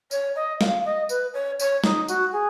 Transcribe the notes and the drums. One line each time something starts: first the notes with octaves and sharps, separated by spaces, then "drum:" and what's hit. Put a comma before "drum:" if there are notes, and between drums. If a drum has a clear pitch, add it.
C#5, drum: tambourine
D#5
F5, drum: snare
D#5
B4, drum: tambourine
C#5
C#5, drum: tambourine
D#4, drum: snare
F#4, drum: tambourine
G#4